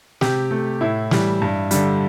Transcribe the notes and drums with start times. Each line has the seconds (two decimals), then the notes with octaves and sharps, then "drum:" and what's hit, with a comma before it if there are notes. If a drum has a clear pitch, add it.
0.21 C3 G4, drum: snare
0.51 A3
0.81 A2 E4
1.11 E3 G3, drum: snare
1.42 G2
1.71 D3 G3, drum: hi-hat